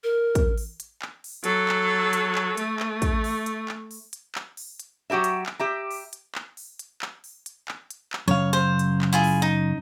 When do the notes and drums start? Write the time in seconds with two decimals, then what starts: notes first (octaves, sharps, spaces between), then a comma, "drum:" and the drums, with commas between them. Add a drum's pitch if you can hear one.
0.04 A#4
0.35 drum: kick, hi-hat
0.58 drum: open hi-hat
0.80 drum: hi-hat
1.02 drum: clap
1.24 drum: open hi-hat
1.44 F#3 A4, drum: hi-hat
1.69 drum: clap
2.13 drum: hi-hat
2.35 drum: clap
2.57 A3, drum: hi-hat
2.80 drum: clap
3.02 drum: kick, hi-hat
3.24 drum: open hi-hat
3.46 drum: hi-hat
3.68 drum: clap
3.91 drum: open hi-hat
4.13 drum: hi-hat
4.35 drum: clap
4.57 drum: open hi-hat
4.80 drum: hi-hat
5.10 F#3 F#4 G4 A#4 E5
5.24 drum: hi-hat
5.46 drum: clap
5.59 G4 E5 A#5
5.91 drum: open hi-hat
6.13 drum: hi-hat
6.35 drum: clap
6.57 drum: open hi-hat
6.79 drum: hi-hat
7.02 drum: clap
7.24 drum: open hi-hat
7.46 drum: hi-hat
7.68 drum: clap
7.90 drum: hi-hat
8.13 drum: clap
8.28 F#2 C#3 C#5 F5
8.53 C5
8.79 drum: hi-hat
9.02 drum: clap
9.13 E4 F4 G#4
9.24 drum: open hi-hat
9.42 D#4